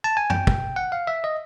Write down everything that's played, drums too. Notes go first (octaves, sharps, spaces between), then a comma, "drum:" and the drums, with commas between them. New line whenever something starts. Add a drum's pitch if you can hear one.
A5
G#5
G5, drum: tom
drum: kick
F#5
F5
E5
D#5